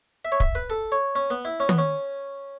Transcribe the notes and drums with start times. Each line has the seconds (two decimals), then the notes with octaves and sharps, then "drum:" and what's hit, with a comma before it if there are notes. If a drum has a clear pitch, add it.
0.25 E5
0.32 C#5
0.40 E5, drum: kick
0.55 B4
0.70 A4
0.92 C#5
1.15 C#4
1.30 B3
1.45 E4
1.60 C#4
1.69 B3, drum: tom
1.78 C#4